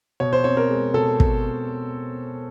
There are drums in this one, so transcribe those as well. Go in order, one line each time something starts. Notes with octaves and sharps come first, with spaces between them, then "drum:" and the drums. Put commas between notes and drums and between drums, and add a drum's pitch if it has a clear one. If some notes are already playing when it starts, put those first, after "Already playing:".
B2 C#5
C5
C4 C#5
A#4
G#3
B2 A4
drum: kick